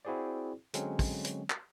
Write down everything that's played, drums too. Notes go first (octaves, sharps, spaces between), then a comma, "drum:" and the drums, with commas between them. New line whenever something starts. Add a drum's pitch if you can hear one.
C4 E4 F#4 G#4 C5 D5
D3 F#3 G#3 C4 C#4, drum: hi-hat
drum: kick, open hi-hat
drum: hi-hat
drum: clap